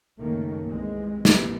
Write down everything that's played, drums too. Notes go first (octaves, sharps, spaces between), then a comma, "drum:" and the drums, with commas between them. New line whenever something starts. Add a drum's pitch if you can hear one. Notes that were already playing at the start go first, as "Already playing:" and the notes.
C#2 F#2 D#3 A3 A#3 C#4
C2 E3 G#3 C4
A1 D#2 C3 E3 G3, drum: snare